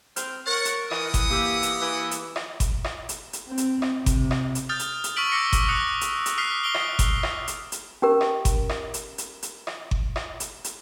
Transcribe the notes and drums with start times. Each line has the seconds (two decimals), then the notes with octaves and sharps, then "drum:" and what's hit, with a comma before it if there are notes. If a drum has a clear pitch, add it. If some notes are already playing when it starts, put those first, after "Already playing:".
0.16 C4 F6, drum: hi-hat
0.47 A#4 C#5 F#5 A6
0.65 drum: hi-hat
0.91 E3 F#4 F#5 D#6, drum: rim click
1.14 drum: kick G1, hi-hat
1.30 A#3 G4 D6 E6
1.63 drum: hi-hat
1.81 E3
2.11 drum: hi-hat
2.36 drum: rim click
2.60 drum: kick G1, hi-hat
2.84 drum: rim click
3.09 drum: hi-hat
3.33 drum: hi-hat
3.47 C4
3.58 drum: hi-hat
3.82 drum: rim click
4.06 C3, drum: kick G1, hi-hat
4.31 drum: rim click
4.55 drum: hi-hat
4.69 D#6 F6 G6 A6
4.79 drum: hi-hat
5.04 drum: hi-hat
5.16 C#6 E6 F6 B6 D7 F#7
5.32 D6 E6 F6 A#6 C#7
5.53 drum: kick G1, hi-hat
5.69 D#6 F#6 C#7
6.01 drum: hi-hat
6.26 drum: hi-hat
6.38 D#6 F6 F#6 B6 C7
6.64 D#6 D7 G7
6.74 drum: rim click
6.99 drum: kick G1, hi-hat
7.23 drum: rim click
7.48 drum: hi-hat
7.72 drum: hi-hat
8.02 C#4 G4 A#4
8.21 drum: rim click
8.45 drum: kick G1, hi-hat
8.69 drum: rim click
8.94 drum: hi-hat
9.18 drum: hi-hat
9.43 drum: hi-hat
9.67 drum: rim click
9.91 drum: kick G1
10.16 drum: rim click
10.40 drum: hi-hat
10.64 drum: hi-hat